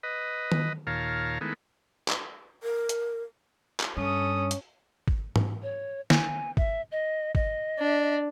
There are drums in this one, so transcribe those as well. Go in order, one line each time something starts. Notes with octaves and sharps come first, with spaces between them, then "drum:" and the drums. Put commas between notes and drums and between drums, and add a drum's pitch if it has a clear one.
B4 D#5
drum: tom D#3
D#2 A#2 C#5 F5 A5 A#5
D#3 G#3 A3 B3 E4
drum: clap
A#4
drum: hi-hat
drum: clap
G2 C#4 A4 D#6
drum: hi-hat
drum: kick G#1
drum: tom G#2
C#5
G#5, drum: snare
E5, drum: kick G#1
D#5
D#5, drum: kick G#1
D4